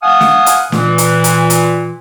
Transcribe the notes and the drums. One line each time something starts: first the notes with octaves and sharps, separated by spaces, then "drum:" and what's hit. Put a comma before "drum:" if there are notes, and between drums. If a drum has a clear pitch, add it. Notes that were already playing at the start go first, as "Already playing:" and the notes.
F5 F#5 G#5 D#6
drum: snare
drum: hi-hat
A#2 E3, drum: snare
drum: hi-hat
drum: hi-hat
drum: hi-hat